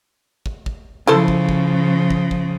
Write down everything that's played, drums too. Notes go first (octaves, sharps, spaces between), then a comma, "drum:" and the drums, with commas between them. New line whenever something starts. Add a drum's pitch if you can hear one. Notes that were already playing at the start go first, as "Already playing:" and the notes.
drum: kick
drum: kick
C#3 F3 E4 A4 C5
drum: kick
drum: kick
drum: kick
drum: kick